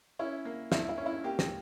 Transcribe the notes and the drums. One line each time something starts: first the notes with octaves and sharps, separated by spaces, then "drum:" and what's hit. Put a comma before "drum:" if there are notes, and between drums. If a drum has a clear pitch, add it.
C#4 E4
A#3
G2 E4, drum: snare
E4
C#4
E4
A#3 G4
drum: snare